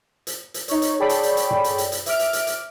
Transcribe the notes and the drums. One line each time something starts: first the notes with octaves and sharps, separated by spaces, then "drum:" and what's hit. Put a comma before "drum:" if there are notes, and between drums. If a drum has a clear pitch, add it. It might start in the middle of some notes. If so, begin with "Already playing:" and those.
drum: hi-hat
drum: hi-hat
D#4 C#5, drum: hi-hat
drum: hi-hat
G#4 A4 C#5 D5 G5 B5
drum: hi-hat
drum: hi-hat
drum: hi-hat
drum: tom
drum: hi-hat
drum: hi-hat
drum: hi-hat
E5 D6 F6 D7, drum: hi-hat
drum: hi-hat
drum: hi-hat
drum: hi-hat